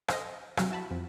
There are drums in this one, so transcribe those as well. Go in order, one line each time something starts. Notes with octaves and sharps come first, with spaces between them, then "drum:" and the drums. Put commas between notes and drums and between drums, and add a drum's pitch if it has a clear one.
A4 C5 D#5, drum: rim click
C3 F#3 F#4, drum: rim click
E4 F#4 A5 B5
F2